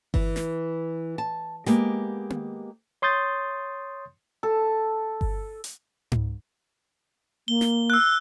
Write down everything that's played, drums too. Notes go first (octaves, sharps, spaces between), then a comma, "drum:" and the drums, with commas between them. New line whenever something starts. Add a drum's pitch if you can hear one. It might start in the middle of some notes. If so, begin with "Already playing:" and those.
E3, drum: kick G1
drum: snare
A5
G#3 A#3 B3 G4, drum: snare
drum: tom A#3
C#5 C6 D#6 G6 A6
A4
drum: kick G1
drum: hi-hat
drum: tom G#2
A#3 G7
drum: snare
E6 F#6